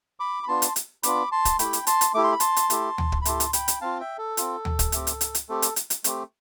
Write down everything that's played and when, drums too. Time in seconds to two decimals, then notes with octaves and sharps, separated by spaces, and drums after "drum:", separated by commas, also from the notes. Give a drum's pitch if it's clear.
0.20 B5 D6
0.43 B5
0.48 B3 D4 F4 A5 C6
0.62 drum: hi-hat
0.76 drum: hi-hat
1.03 B3 D4 F4 B5 D6, drum: hi-hat
1.32 A5 C6
1.45 drum: kick, hi-hat
1.59 A3 E4 G4 G5 B5, drum: hi-hat
1.73 drum: hi-hat
1.87 A5 C6, drum: hi-hat
2.01 drum: hi-hat
2.14 A3 E4 G4 D6
2.23 C6
2.32 B5
2.40 A5 C6, drum: hi-hat
2.56 drum: hi-hat
2.70 A3 E4 G4, drum: hi-hat
2.98 drum: tom D2
3.12 drum: kick
3.22 B5
3.25 A3 E4 G4 A5 C6, drum: hi-hat
3.40 drum: hi-hat
3.53 G5 B5, drum: hi-hat
3.68 drum: hi-hat
3.81 C4 F4 F5 A5
4.00 E5 G5
4.18 A4
4.37 C4 F4, drum: hi-hat
4.65 drum: tom D2
4.79 drum: kick, hi-hat
4.92 A3 C4 G4, drum: hi-hat
5.07 drum: hi-hat
5.21 drum: hi-hat
5.35 drum: hi-hat
5.49 A3 C4 G4 A4
5.62 drum: hi-hat
5.76 drum: hi-hat
5.90 drum: hi-hat
6.04 A3 C4 G4, drum: hi-hat